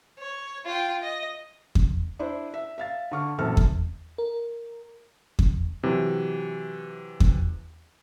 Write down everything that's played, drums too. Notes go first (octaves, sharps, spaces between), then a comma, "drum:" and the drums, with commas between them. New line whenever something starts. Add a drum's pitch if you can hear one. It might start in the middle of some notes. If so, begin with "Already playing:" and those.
C#5
F4 G5
D#5
drum: kick E2
D4 E4 C5
E5
E5 F5 A6
D3 C#6 F6
A#1 F#2 E3 C4 A4 F6
drum: kick E2
A#4
drum: kick E2
C3 E3 F#3
drum: kick E2